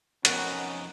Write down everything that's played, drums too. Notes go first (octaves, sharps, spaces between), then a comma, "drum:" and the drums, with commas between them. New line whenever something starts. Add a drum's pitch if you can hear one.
F2 B3 C#4 D#4 F#4 A#4 F#5, drum: hi-hat